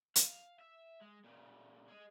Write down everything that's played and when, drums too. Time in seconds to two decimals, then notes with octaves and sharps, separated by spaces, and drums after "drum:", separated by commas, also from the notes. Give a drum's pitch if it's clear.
0.16 F5, drum: hi-hat
0.59 E5
1.01 G#3
1.24 A#2 C#3
1.89 G#4 D#5